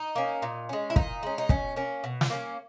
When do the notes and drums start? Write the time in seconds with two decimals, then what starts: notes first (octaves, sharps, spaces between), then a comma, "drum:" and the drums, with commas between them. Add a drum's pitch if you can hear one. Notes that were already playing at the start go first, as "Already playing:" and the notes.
Already playing: D#4
0.15 A#3 C#4
0.42 A#2
0.69 G#3 C#4
0.90 E4
0.96 A#2 D#4, drum: kick
1.23 G#3 C#4
1.38 D#4
1.49 B2 C#4, drum: kick
1.76 A#3 C#4
2.04 B2
2.21 drum: snare
2.30 A#3 C#4